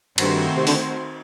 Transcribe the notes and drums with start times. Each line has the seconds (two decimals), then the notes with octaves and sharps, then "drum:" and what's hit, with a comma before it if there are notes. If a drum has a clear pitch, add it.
0.18 G2 D#3 A3 C4 F#4 C5, drum: cymbal
0.57 C3
0.67 D3, drum: open hi-hat